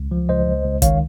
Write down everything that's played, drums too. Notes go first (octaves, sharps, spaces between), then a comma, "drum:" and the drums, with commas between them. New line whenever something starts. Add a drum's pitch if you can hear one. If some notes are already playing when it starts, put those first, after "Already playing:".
Already playing: C#2
F3
C#2 C5 D#5
C#2
C#2
D#3 C#5 F5, drum: kick, hi-hat